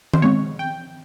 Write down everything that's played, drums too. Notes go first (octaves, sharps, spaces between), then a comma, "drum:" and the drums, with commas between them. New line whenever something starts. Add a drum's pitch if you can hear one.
C5, drum: tom D#3
B2 G#3 C4 C#5
G5